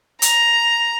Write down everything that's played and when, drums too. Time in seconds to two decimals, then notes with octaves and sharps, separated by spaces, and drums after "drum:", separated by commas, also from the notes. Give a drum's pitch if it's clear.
0.22 A#5, drum: hi-hat